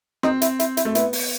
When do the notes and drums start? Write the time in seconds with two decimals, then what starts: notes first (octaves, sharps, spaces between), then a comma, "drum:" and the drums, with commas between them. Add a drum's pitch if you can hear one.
0.23 C4 D#4, drum: rim click
0.42 E4, drum: hi-hat
0.60 E4, drum: hi-hat
0.77 E4, drum: hi-hat
0.85 A3
0.95 B3 E4, drum: hi-hat
1.13 drum: open hi-hat